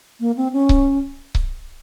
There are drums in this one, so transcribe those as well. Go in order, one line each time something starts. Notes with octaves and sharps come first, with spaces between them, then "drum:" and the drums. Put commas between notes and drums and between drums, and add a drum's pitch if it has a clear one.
A#3
C4
C#4
drum: kick C#1
drum: kick C#1